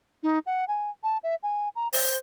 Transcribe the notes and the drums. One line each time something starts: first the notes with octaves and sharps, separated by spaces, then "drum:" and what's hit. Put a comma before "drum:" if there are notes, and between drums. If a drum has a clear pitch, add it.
D#4
F#5
G#5
A5
E5
G#5
A#5
C5, drum: open hi-hat